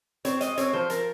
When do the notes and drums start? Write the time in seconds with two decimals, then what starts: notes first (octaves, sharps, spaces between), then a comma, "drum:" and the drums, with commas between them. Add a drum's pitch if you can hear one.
0.25 C4 C#5, drum: hi-hat
0.41 G#3 D#5, drum: hi-hat
0.57 C4 C#5, drum: hi-hat
0.73 F3 C5
0.90 F3 A#4, drum: hi-hat